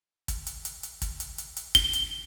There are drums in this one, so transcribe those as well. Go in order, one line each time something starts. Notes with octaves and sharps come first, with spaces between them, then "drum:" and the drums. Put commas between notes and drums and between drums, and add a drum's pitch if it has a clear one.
drum: kick, hi-hat
drum: hi-hat
drum: hi-hat
drum: hi-hat
drum: kick, hi-hat
drum: hi-hat
drum: hi-hat
drum: hi-hat
G7, drum: kick, hi-hat
drum: hi-hat